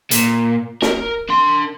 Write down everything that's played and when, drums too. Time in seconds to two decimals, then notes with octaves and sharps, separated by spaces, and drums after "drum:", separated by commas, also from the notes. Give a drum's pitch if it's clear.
0.11 A#2, drum: hi-hat
0.82 A#4, drum: snare
1.29 D4 C6